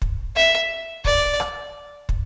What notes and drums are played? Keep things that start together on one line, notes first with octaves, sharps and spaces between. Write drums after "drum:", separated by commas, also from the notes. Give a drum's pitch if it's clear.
drum: kick
E5
D5, drum: kick
drum: rim click
drum: kick